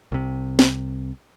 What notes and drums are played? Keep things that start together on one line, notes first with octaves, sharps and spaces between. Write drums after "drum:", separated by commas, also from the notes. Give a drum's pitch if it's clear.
C2 C3
drum: snare